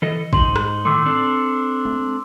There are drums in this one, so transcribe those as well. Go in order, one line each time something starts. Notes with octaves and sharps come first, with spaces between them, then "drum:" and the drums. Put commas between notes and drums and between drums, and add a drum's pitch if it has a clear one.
E3 A4 D#5
G#2 D#4 C6 F#7, drum: kick
drum: rim click
A2 D#3 A3 C6 D6 E6
C4 D4 A4
drum: tom G#3